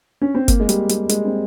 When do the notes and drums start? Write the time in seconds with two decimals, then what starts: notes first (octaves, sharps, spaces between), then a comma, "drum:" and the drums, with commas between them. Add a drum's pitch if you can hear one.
0.22 C#4
0.35 C4
0.48 A#3, drum: kick F#1, hi-hat
0.60 G#3
0.69 G3, drum: hi-hat
0.89 G3, drum: hi-hat
1.09 G#3, drum: hi-hat
1.25 C4